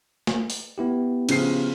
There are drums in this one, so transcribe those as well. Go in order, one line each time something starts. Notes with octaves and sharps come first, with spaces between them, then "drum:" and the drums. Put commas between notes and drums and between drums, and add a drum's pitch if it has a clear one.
drum: snare
drum: open hi-hat
B3 E4 G4
C#3 F3 C7, drum: cymbal